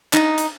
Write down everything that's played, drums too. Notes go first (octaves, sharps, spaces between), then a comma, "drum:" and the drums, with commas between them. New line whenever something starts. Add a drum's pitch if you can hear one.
D#4, drum: clap
drum: hi-hat